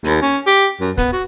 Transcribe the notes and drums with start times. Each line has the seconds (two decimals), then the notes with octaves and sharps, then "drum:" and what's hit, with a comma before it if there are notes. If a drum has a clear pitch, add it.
0.05 D#2, drum: hi-hat
0.22 C#4
0.47 G4
0.81 F#2
0.98 B3, drum: kick, hi-hat
1.13 F#4